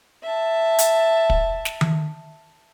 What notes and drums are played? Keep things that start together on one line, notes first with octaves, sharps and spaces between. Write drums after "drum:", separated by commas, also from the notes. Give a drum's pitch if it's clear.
E5 A5
drum: hi-hat
drum: kick
drum: snare
drum: tom D#3